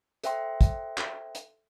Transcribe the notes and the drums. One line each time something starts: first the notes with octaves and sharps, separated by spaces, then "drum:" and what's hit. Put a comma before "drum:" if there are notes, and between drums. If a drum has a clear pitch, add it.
A4 C5 E5 G5 C6, drum: hi-hat
drum: kick, hi-hat
drum: clap
drum: hi-hat